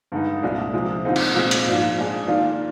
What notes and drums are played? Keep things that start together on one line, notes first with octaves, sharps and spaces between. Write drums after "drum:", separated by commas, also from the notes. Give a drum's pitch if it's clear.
G2 D3 G#3 D#4
C2 A#2 G#3 D4
C3 F3 G#3
D#2 D3 G#3 C4 D#4
drum: cymbal
A#2 G#3 C4 F4
drum: hi-hat
G#2 F3 A#3 D4 F4
F3 G#3 D4 G#4
D#3 A#3 D4 F4